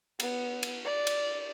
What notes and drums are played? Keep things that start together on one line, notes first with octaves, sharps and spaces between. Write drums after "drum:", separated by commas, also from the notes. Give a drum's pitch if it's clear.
B3, drum: cymbal
drum: cymbal
D5
drum: cymbal